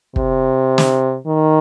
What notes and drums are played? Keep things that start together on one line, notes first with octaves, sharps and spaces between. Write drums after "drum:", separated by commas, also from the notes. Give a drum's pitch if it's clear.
C3, drum: kick
drum: snare
D#3